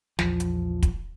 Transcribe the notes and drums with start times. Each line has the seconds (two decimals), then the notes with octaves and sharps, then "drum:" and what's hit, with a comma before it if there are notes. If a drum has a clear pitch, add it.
0.19 A#1 E2 F3, drum: snare
0.40 drum: hi-hat
0.83 drum: kick, hi-hat